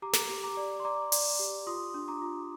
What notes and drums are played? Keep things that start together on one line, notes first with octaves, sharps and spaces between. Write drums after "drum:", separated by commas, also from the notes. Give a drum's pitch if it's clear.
G4 A#5 D6
drum: snare
G4
A#5 D6
D5
C6
D5 A#5 D6
D5, drum: open hi-hat
G4
F4 C6 D#6
D4
A#5 D6
F4